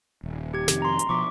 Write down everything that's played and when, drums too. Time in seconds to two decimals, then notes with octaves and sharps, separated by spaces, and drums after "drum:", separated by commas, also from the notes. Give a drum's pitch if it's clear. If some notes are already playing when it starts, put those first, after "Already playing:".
0.23 D#1
0.54 G4 G#6
0.68 F2 C3 D#3, drum: snare
0.82 A#5 C6
0.99 drum: hi-hat
1.09 B2 F3 C#6 D6 B6